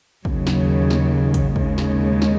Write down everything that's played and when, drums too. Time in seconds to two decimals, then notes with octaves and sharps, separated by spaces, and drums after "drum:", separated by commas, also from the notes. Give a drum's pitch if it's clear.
0.25 D#2 C#3 F#3, drum: kick
0.47 drum: snare
0.90 drum: snare
1.34 drum: kick, hi-hat
1.56 D#2 C#3 G#3, drum: kick
1.78 drum: snare
2.22 drum: snare